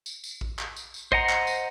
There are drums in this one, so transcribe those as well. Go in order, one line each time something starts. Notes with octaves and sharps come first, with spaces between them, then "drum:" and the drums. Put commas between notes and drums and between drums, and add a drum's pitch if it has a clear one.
drum: tambourine
drum: tambourine
drum: kick A1
drum: clap
drum: tambourine
drum: tambourine
C5 D#5 F#5 A#5, drum: kick A1
drum: clap
drum: tambourine